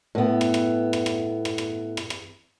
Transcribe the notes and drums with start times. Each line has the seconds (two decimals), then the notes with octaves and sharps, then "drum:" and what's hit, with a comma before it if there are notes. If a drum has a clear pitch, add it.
0.15 A2 B3
0.41 drum: rim click
0.54 drum: rim click
0.93 drum: rim click
1.06 drum: rim click
1.45 drum: rim click
1.58 drum: rim click
1.97 drum: rim click
2.10 drum: rim click